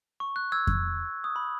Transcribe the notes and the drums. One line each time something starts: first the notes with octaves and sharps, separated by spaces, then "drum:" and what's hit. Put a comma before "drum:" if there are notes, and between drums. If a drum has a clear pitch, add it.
C#6
F#6
E6 G#6
drum: kick F2
D#6
B5